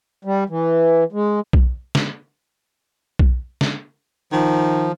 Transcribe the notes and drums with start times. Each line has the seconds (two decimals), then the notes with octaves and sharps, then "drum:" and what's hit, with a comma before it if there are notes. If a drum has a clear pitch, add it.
0.25 G3
0.50 E3
1.12 G#3
1.53 drum: kick B1
1.95 drum: snare
3.19 drum: kick B1
3.61 drum: snare
4.32 D#3 F3